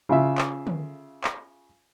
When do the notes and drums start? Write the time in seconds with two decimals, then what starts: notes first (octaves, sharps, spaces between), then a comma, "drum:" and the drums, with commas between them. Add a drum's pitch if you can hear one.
0.09 C#3 F4 E5
0.38 drum: clap
0.67 drum: tom
1.24 drum: clap